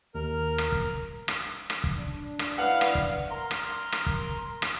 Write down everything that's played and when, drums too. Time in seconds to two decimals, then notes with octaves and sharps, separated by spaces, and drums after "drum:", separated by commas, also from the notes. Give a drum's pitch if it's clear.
0.15 D#2 A#4 F6
0.58 drum: rim click
0.72 drum: kick
1.28 drum: rim click
1.70 drum: rim click
1.84 drum: kick
1.98 D4
2.39 drum: rim click
2.58 D4 E4 B4 D5 F5 F#5
2.81 drum: rim click
2.95 drum: kick
3.30 A#4 A#5 C6
3.51 drum: rim click
3.92 drum: rim click
4.06 drum: kick
4.62 drum: rim click